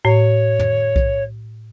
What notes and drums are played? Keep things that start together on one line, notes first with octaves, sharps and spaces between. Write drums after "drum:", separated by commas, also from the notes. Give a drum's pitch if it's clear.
A2 C#5
drum: tom
drum: kick B1